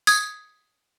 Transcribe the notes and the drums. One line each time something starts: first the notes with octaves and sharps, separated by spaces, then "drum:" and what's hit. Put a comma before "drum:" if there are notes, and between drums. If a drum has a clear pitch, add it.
D#6 G#6, drum: tambourine